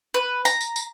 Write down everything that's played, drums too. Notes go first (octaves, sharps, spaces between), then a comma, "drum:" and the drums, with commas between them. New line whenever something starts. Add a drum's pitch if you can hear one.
B4
A#5, drum: tambourine
drum: tambourine
drum: tambourine